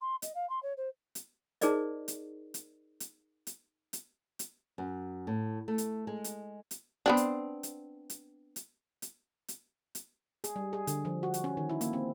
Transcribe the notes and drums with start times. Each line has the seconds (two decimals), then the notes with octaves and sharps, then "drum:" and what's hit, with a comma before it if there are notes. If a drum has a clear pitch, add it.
0.01 C6
0.22 D#5, drum: hi-hat
0.34 F5
0.49 C6
0.62 C#5
0.77 C5
1.15 drum: hi-hat
1.61 D#4 G#4 A#4 C5 D5 D#5, drum: hi-hat
2.08 drum: hi-hat
2.54 drum: hi-hat
3.00 drum: hi-hat
3.47 drum: hi-hat
3.93 drum: hi-hat
4.39 drum: hi-hat
4.78 F#2
5.27 A2
5.68 A3
5.78 drum: hi-hat
6.07 G#3
6.24 drum: hi-hat
6.71 drum: hi-hat
7.06 B3 C4 D4
7.17 drum: hi-hat
7.63 drum: hi-hat
8.10 drum: hi-hat
8.56 drum: hi-hat
9.02 drum: hi-hat
9.48 drum: hi-hat
9.95 drum: hi-hat
10.44 G#4, drum: hi-hat
10.56 G3
10.73 G#4
10.87 D3, drum: hi-hat
11.05 F3
11.23 F#4
11.34 drum: hi-hat
11.44 C#4
11.57 D#3
11.69 E4
11.81 A#3, drum: hi-hat
11.93 C4